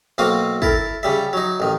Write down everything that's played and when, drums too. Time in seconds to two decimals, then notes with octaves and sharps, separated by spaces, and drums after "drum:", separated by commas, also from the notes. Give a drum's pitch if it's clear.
0.18 B1 A#3 C4 F#4 F5 D#6
0.62 E4 A4 A#4, drum: kick
1.03 C#3 G3 E5
1.33 F#3 D#4
1.60 A1 D#3